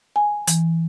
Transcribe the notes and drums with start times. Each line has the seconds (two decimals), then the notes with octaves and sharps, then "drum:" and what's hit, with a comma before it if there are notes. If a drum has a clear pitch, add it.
0.16 G#5
0.47 E3, drum: hi-hat